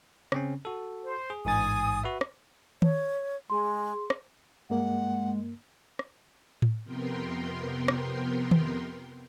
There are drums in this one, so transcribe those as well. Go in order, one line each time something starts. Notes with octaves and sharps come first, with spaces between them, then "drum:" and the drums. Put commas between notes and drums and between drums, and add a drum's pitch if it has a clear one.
C#3 C4 C#4, drum: rim click
F#4 A4
C5
G#4
A1 G#2 G#5 D#6 A6
F#4 B4 E5
drum: rim click
C#5, drum: tom D#3
G#3 G#4 C6
drum: rim click
G2 G#3 A#3 F#5
drum: rim click
drum: tom A2
F2 C3 B3 A#4 G5 C6
drum: rim click
drum: tom D#3